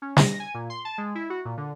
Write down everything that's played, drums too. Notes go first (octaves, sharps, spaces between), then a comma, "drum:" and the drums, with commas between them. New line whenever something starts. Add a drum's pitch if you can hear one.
C#4
A#6, drum: snare
G#5
A#2
C6
A5
G#3
E4
F#4
A#2
D3